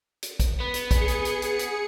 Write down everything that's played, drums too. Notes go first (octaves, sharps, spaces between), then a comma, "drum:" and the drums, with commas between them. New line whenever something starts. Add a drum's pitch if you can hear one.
drum: hi-hat
drum: kick, hi-hat
B3
drum: hi-hat
G#4 C#7, drum: kick, hi-hat
drum: hi-hat
drum: hi-hat
drum: hi-hat
drum: hi-hat